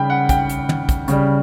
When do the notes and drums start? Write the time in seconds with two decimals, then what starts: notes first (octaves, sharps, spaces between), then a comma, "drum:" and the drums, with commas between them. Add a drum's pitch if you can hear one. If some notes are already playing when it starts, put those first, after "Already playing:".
Already playing: C#3 G3 G5 B5
0.10 F#5
0.29 G5, drum: kick, hi-hat
0.49 drum: hi-hat
0.69 drum: tom
0.89 drum: kick, hi-hat
1.08 C#3 G3, drum: hi-hat